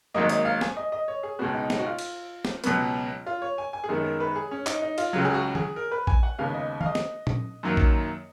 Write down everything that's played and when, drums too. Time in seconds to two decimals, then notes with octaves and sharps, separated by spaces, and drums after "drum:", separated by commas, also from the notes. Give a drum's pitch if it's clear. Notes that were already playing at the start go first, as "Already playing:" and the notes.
0.14 G#1 G#2 F#3 A#3 D#5
0.29 D#5, drum: hi-hat
0.45 F5
0.61 G#5, drum: snare
0.77 D#5
0.92 D#5
1.08 C#5
1.23 G#4
1.39 C#2 B2 G#3 B3 F#4
1.54 D#4
1.70 D#4, drum: snare
1.79 F#4
1.86 F4
1.99 drum: cymbal
2.45 drum: snare
2.64 C#2 B2 F#3 B3, drum: hi-hat
3.26 F4
3.42 C#5
3.58 G#5
3.73 G#5
3.84 G#4
3.88 F#2 D#3 G#3 B3 A#4
4.04 A#4
4.20 B4
4.36 G#4
4.51 C#4
4.66 D#4, drum: clap
4.82 D#4
4.98 F4, drum: cymbal
5.13 C#2 C#3 F#3
5.24 G#4
5.34 F#4
5.55 G#4, drum: tom D#3
5.76 A#4
5.92 B4
6.07 G#5, drum: kick A#1
6.23 F#5
6.39 D#2 C#3 G#3 B3 F5
6.54 D#5
6.81 F5, drum: tom D#3
6.86 D#5
6.95 drum: snare
7.27 drum: tom A#2
7.63 F#2 D#3 F#3 A#3
7.77 drum: kick A#1